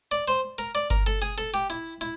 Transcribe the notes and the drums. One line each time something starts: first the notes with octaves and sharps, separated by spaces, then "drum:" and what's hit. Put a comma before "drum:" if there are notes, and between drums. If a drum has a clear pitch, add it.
D5
C5
A#4
D5
A#4, drum: kick G1
A4
G#4
A4
G4
E4
E4